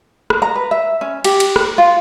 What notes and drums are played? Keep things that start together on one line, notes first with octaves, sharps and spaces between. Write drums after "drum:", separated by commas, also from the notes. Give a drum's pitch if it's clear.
drum: rim click
A#5
B4
E5
C#4
G4, drum: cymbal
drum: cymbal
drum: rim click
F4